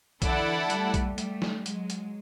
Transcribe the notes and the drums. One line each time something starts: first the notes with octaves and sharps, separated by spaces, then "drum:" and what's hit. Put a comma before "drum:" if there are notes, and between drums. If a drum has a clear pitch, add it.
D3 E3 E4 A4 D5 F#5 A5, drum: kick A#1, hi-hat
G3 A3, drum: hi-hat
drum: kick A#1, hi-hat
G3 A3, drum: hi-hat
drum: snare
F#3 G#3, drum: hi-hat
drum: hi-hat